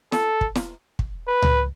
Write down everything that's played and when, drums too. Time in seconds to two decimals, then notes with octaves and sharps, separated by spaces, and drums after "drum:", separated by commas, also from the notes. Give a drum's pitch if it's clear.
0.12 A4, drum: snare
0.41 drum: kick
0.55 drum: snare
0.99 drum: kick
1.28 B4
1.42 drum: tom C#2